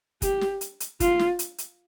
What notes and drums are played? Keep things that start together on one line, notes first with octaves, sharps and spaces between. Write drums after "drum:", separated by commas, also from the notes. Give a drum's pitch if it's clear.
G4, drum: kick, hi-hat
drum: snare
drum: hi-hat
drum: hi-hat
F4, drum: kick, hi-hat
drum: snare
drum: hi-hat
drum: hi-hat